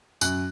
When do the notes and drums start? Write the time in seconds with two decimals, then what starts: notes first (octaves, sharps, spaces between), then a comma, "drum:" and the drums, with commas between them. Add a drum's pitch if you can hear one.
0.21 F#2 F#6, drum: tambourine